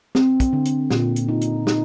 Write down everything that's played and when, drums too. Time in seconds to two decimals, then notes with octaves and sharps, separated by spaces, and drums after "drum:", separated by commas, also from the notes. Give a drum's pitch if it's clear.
0.15 C4, drum: snare
0.40 drum: kick, hi-hat
0.53 D3
0.65 drum: hi-hat
0.90 A#2, drum: snare
1.16 drum: hi-hat
1.29 D#4
1.41 drum: hi-hat
1.67 D#4, drum: snare